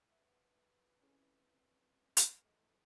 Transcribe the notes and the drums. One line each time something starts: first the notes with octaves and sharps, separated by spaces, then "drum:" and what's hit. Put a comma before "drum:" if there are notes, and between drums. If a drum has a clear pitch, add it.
B4 E5 F#5
C4 C#4 E4 G#4
drum: hi-hat
F#2 E3 G#3 A3